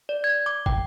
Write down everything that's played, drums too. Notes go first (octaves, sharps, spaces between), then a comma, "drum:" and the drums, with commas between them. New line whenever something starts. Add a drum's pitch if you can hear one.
D5
G#6
D6
G5, drum: kick